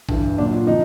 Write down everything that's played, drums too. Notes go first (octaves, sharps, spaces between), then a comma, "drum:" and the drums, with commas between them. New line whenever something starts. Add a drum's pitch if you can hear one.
G2 E3, drum: kick A1
A#2 F#3 D4
F4
C3 F3 D#4